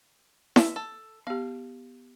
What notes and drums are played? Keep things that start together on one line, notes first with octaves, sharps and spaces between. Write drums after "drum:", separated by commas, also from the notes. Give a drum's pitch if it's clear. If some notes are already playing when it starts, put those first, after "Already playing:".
E5, drum: snare E4
A4
B3 G4 F5